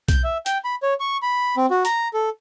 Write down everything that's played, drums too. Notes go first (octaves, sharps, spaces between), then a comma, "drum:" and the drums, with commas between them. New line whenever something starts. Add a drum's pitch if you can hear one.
G6, drum: kick B1, hi-hat
E5
G5, drum: hi-hat
B5
C#5
C#6
B5
C4
F#4
A#5, drum: hi-hat
A4